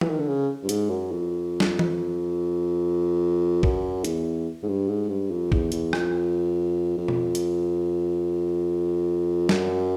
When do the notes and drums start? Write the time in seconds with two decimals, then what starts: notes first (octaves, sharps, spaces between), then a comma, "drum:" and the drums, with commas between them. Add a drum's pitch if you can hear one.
0.01 E3, drum: tom E3
0.10 D#3
0.19 D3
0.28 C#3
0.63 G2
0.69 G#2, drum: hi-hat
0.90 F#2
1.12 F2
1.60 drum: snare
1.79 drum: tom E3
3.63 F#2, drum: kick
4.04 E2, drum: hi-hat
4.63 G#2
4.68 G2
4.88 G#2
5.09 G2
5.31 F2
5.52 E2, drum: kick
5.72 E2, drum: hi-hat
5.93 F2, drum: rim click
6.97 F2
7.08 drum: tom B2
7.35 drum: hi-hat
9.49 F#2, drum: snare